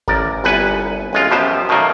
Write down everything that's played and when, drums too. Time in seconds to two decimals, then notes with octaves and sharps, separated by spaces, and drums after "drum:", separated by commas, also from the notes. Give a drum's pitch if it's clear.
0.08 A1 A#4 D5, drum: kick G1
0.44 G1 C2 B4 F#5 G#5
1.13 A1 G#3 F4
1.31 F#2 B2 F3 B3 G4 C5
1.69 B2 D#3 F#3 A3 A#3